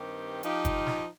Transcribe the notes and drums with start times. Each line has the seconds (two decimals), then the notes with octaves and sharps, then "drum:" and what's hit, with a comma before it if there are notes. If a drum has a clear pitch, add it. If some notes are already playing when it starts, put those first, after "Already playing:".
Already playing: G2 D#3 C4 G4
0.43 F3 D#4 G4, drum: hi-hat
0.65 drum: kick, hi-hat
0.86 drum: snare